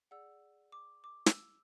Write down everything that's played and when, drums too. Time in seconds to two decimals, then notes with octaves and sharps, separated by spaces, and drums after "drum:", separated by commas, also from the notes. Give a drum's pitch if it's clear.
0.11 G#4 D5 F#5 E6
0.72 D6
1.04 D6
1.26 E6, drum: snare